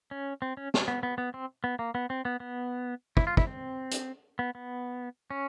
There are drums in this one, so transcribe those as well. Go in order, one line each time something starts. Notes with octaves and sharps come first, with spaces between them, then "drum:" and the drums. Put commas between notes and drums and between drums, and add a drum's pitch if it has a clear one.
C#4
C4
C#4
drum: snare
B3
B3
B3
C4
B3
A#3
B3
C4
B3
B3
E4, drum: kick
F4
E4, drum: kick
C4
drum: hi-hat
B3
B3
C#4